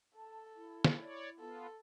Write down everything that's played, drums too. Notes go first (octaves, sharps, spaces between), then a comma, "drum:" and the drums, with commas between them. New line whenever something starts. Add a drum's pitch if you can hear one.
A4 A5
E4
drum: snare
C#5 D5
B3 F4 A4